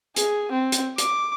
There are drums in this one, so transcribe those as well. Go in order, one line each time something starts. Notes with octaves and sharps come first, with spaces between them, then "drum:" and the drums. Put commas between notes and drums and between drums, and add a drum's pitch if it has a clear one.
G#4, drum: hi-hat
C4
drum: hi-hat
D6, drum: hi-hat